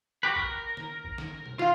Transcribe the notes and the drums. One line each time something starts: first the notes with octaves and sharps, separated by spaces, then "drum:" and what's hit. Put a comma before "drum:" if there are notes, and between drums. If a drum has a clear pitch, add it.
F#4 G4 B4
A#4, drum: kick G#1
drum: snare
drum: kick G#1
drum: snare
drum: tom B2
F4 F5, drum: snare